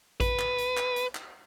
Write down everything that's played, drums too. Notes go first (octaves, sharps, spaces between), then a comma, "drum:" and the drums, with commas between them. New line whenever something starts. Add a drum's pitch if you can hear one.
B4, drum: kick A1, hi-hat
drum: clap
drum: hi-hat
drum: clap
drum: hi-hat
drum: clap